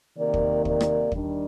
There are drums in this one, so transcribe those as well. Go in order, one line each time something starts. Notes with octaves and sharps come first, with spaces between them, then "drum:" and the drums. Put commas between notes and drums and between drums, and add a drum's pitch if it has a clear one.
C3 D#3 A#3 A#4 D5
drum: kick
A#4 D5, drum: kick
drum: rim click
D#3 G3 D4, drum: kick